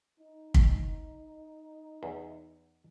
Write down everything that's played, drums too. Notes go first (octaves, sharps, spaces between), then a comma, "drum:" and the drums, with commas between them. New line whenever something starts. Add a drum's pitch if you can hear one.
D#4
drum: kick
E2